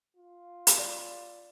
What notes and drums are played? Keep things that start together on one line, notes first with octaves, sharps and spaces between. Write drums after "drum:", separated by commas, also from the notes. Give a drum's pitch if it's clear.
F4
drum: hi-hat
D5